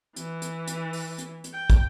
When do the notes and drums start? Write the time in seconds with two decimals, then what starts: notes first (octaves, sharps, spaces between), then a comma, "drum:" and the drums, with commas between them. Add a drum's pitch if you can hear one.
0.16 E3, drum: hi-hat
0.42 drum: hi-hat
0.67 drum: hi-hat
0.93 drum: open hi-hat
1.19 drum: hi-hat
1.44 drum: hi-hat
1.53 G5
1.70 drum: kick, hi-hat